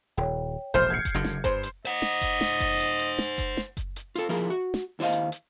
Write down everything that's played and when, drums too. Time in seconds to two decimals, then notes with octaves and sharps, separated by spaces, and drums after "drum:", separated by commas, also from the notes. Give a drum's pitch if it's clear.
0.17 D#1 C#5 G5
0.74 E1 A#1 A2 C5 F6 G6
0.90 G#6 C7 C#7
1.05 drum: kick F#1, hi-hat
1.14 F#1 F#2 D3
1.24 drum: snare
1.44 G2 C5, drum: kick F#1, hi-hat
1.63 drum: hi-hat
1.85 C5 D#5 F#5, drum: hi-hat
2.02 drum: snare
2.22 drum: kick F#1, hi-hat
2.41 drum: snare
2.60 drum: kick F#1, hi-hat
2.80 drum: hi-hat
2.99 drum: hi-hat
3.19 drum: snare
3.38 drum: kick F#1, hi-hat
3.57 drum: snare
3.77 drum: kick F#1, hi-hat
3.96 drum: hi-hat
4.15 F4 A4, drum: hi-hat
4.29 F3 E4 F4 G#4 A#4
4.50 F#4
4.74 drum: snare
4.99 D#2 E4 C5 D#5 F5
5.13 drum: hi-hat
5.32 drum: hi-hat